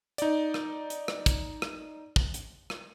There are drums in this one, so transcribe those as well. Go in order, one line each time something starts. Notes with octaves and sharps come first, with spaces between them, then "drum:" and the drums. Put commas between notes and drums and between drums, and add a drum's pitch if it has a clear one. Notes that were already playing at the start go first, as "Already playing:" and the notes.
D#4 D5, drum: hi-hat
drum: rim click
drum: hi-hat
drum: rim click
drum: kick, hi-hat
drum: rim click
drum: kick
drum: hi-hat
drum: rim click